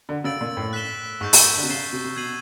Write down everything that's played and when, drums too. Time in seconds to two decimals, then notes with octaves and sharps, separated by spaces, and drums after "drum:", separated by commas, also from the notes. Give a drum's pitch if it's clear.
0.09 D3
0.24 C#3 E6 A6 D7 F#7
0.41 A#2
0.57 A2
0.73 F#6 B6 E7 G7
1.21 G#2 C#6 E6 G6
1.33 A#2, drum: open hi-hat
1.57 D3
1.63 C3
1.69 C#3 A6 C7 E7 G7
1.93 C3
2.04 C3
2.16 B2 G#6 C7 D#7 F#7